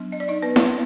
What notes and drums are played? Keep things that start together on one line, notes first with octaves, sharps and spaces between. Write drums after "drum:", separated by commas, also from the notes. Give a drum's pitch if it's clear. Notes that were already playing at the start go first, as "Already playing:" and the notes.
Already playing: F#3 B3 D4
D#5
D5
D#4 D#5
B3 B4
drum: snare E4